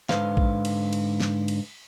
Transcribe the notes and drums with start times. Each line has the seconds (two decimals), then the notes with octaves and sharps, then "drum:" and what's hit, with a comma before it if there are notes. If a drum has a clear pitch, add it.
0.09 G#2 D3 B4 C5 F5, drum: snare
0.37 drum: kick A#1
0.65 drum: cymbal
0.93 drum: cymbal
1.20 drum: snare
1.48 drum: cymbal